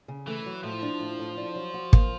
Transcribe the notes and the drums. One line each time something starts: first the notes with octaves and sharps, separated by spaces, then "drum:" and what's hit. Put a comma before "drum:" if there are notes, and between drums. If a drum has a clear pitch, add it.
C#3
E3 A3
F#3
A2 F3
D4
A2
A2
D4
F#3
F#4
A#3, drum: kick